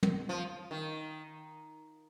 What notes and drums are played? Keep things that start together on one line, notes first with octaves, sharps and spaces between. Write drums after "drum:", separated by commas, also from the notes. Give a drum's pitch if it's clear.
drum: tom
F3
D#3